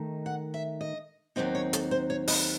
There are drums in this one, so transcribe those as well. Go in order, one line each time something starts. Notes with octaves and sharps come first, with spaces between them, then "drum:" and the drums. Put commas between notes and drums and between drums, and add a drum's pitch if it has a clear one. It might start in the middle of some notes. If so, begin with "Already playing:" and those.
Already playing: D#3 A3 D#4
F#5
E5
D#5
D#2 D#3 F#3 C4 D#4 D#5
C#5
A4, drum: hi-hat
C5
C#5
D#5, drum: open hi-hat